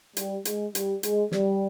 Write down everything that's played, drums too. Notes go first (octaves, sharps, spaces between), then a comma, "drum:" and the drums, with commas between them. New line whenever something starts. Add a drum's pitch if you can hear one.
G3, drum: hi-hat
G#3, drum: hi-hat
G3, drum: hi-hat
G#3, drum: hi-hat
G3, drum: snare